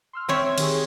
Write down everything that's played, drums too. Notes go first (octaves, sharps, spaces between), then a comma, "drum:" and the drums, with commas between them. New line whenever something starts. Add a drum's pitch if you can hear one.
C6 E6 F6
C4 C#5 E5
D#3 G4 G#4, drum: cymbal